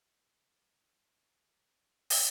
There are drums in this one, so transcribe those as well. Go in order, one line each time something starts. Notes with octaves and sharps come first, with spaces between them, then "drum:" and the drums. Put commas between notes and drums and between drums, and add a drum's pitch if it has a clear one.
F#4 C5 G#5
B5
F#4 G#4
drum: open hi-hat